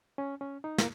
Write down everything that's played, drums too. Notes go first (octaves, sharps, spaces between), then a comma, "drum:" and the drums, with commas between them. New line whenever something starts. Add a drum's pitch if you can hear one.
C#4
C#4
D#4
A#3, drum: snare